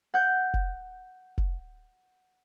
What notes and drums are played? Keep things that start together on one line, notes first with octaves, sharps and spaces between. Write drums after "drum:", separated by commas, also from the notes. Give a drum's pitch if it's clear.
F#5 G6
drum: kick F1
drum: kick F1